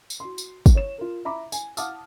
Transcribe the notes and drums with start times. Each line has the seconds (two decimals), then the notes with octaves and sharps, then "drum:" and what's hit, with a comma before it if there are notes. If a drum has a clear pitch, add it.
0.10 drum: tambourine
0.20 F#4 C6
0.38 drum: tambourine
0.66 drum: kick, tambourine
0.75 C#5 E7
0.98 F4 A#4
1.25 E5 A#5 B5 D6
1.52 G#5, drum: tambourine
1.77 F5 F#5 A5 D6 D#6 F6, drum: tambourine